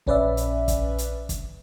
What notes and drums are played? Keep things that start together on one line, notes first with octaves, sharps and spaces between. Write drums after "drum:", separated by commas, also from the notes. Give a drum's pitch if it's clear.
A#1 C#4 B4 D5 E5, drum: kick
drum: hi-hat
drum: kick, hi-hat
drum: hi-hat
drum: kick, hi-hat